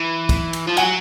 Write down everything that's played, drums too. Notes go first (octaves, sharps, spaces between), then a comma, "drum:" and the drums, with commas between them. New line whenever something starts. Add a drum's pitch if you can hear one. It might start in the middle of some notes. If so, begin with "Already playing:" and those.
Already playing: E3
drum: kick, cymbal
drum: cymbal
F3
F#3 F#5 G#5, drum: cymbal